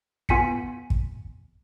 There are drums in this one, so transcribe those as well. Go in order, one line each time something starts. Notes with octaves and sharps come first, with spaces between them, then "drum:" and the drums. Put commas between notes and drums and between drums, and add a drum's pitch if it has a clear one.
B3 F4 G#5 B6 C#7, drum: kick
drum: kick